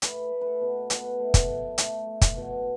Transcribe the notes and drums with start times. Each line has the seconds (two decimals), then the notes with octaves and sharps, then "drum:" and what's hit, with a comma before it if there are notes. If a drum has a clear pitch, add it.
0.02 A3 B4, drum: hi-hat
0.32 A3
0.41 A4 B4
0.61 B2
0.90 B2 B4, drum: hi-hat
1.19 A3
1.34 drum: kick, hi-hat
1.48 A3
1.78 A3, drum: hi-hat
2.07 A3
2.21 drum: kick, hi-hat
2.36 B2